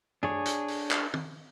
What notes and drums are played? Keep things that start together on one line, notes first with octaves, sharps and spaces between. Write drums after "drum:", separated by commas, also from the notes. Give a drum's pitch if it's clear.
D4 G#4 C#5, drum: tom
drum: hi-hat
drum: open hi-hat
drum: clap
drum: tom